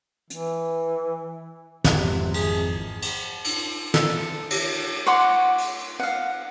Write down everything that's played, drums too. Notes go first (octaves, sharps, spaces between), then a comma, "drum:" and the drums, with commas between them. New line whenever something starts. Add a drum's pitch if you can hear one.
E3, drum: hi-hat
G#1 F2 C3 E3, drum: snare
G#4, drum: cymbal
drum: cymbal
drum: cymbal
A4, drum: snare
drum: cymbal
C#5 F#5 C6 D6
drum: open hi-hat
F5 F#5